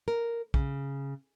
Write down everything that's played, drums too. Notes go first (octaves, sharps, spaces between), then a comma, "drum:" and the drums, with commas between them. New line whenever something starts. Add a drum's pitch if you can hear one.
A#4
C#3, drum: kick